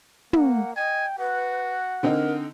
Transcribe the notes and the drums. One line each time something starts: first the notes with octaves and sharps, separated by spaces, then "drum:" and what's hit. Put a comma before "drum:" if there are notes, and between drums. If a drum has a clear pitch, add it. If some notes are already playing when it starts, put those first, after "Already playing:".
A#3 F#5, drum: tom
D#5 G5 G#5
F#4 B4 F#5
D3 C4 D#4 A#4